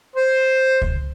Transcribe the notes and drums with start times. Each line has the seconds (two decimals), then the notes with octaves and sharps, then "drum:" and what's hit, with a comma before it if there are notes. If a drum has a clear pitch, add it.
0.16 C5
0.82 drum: kick C#2